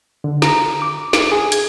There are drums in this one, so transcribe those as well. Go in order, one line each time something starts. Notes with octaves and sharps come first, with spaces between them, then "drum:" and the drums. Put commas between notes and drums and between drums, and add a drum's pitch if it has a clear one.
D3
A#5, drum: snare
D6
drum: snare
G#4
G#6, drum: hi-hat